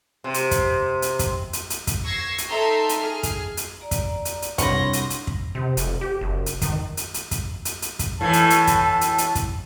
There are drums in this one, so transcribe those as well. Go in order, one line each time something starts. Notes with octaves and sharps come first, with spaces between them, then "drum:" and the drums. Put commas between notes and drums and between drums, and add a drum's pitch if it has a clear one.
C3
drum: hi-hat
drum: kick, hi-hat
drum: hi-hat
drum: kick, hi-hat
drum: hi-hat
drum: hi-hat
drum: kick, hi-hat
C#6 E6 G#6 A#6 C7
drum: hi-hat
D#4 A4 E5 G5 A#5 C6
drum: hi-hat
G#4 F6
drum: kick, hi-hat
drum: hi-hat
D5 A#5
drum: kick, hi-hat
drum: hi-hat
drum: hi-hat
C2 D4 C#5 F#5 B5 C6 A#6, drum: kick, hi-hat
drum: hi-hat
drum: hi-hat
drum: kick
C3
F1, drum: hi-hat
G4
F#1
drum: hi-hat
D#3, drum: kick, hi-hat
drum: hi-hat
drum: hi-hat
drum: kick, hi-hat
drum: hi-hat
drum: hi-hat
drum: kick, hi-hat
A2 E3 A5
drum: hi-hat
drum: hi-hat
drum: kick, hi-hat
drum: hi-hat
drum: hi-hat
drum: kick, hi-hat